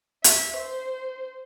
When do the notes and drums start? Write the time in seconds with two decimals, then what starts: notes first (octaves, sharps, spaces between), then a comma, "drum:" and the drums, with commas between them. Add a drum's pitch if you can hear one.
0.24 E5, drum: hi-hat
0.57 C5